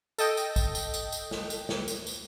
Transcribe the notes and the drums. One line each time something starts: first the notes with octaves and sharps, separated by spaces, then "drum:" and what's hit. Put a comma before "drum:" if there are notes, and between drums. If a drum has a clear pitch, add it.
A4 D#5 G5, drum: tambourine
drum: tambourine
drum: kick, tambourine
drum: tambourine
drum: tambourine
drum: tambourine
drum: snare
drum: tambourine
drum: snare
drum: tambourine
drum: tambourine